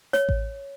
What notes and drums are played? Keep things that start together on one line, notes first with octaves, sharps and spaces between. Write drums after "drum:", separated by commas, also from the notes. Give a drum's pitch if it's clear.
C#5, drum: snare
drum: kick A1